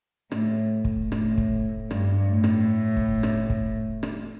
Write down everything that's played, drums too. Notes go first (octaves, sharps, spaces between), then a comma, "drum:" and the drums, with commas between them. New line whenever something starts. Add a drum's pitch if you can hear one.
A2, drum: rim click
drum: kick
A2, drum: rim click
drum: kick
G2, drum: rim click
A2
drum: rim click
drum: kick
drum: rim click
drum: kick
drum: rim click